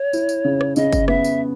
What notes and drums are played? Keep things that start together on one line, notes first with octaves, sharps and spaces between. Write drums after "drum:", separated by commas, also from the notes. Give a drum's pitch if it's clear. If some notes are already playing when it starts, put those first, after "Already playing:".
Already playing: C#5
E4, drum: tambourine
drum: tambourine
C#3
drum: rim click
C#3 D#5, drum: tambourine
drum: kick, tambourine
B3 E5, drum: rim click
drum: tambourine